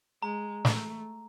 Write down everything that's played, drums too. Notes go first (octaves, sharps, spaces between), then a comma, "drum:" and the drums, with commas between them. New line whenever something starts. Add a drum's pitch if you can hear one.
G#3 A#5
A3, drum: snare